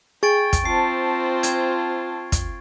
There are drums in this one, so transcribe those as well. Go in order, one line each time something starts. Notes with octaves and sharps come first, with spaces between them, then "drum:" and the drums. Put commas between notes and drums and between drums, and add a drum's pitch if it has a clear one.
G#4 G5 C#6 A6 D7
drum: kick, hi-hat
C4 F4 C5 A5 C7
G#6, drum: hi-hat
drum: kick, hi-hat